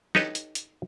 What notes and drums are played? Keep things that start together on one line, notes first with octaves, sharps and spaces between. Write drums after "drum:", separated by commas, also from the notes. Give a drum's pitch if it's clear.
D#4 G4 A4 B4 C#5 D#5, drum: snare
drum: hi-hat
drum: hi-hat